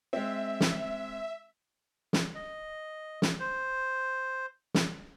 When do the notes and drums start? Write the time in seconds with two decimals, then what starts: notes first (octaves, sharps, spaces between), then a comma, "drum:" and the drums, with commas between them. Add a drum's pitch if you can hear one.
0.13 G#3 C4 E5
0.61 drum: snare
2.13 drum: snare
2.35 D#5
3.22 drum: snare
3.40 C5
4.74 drum: snare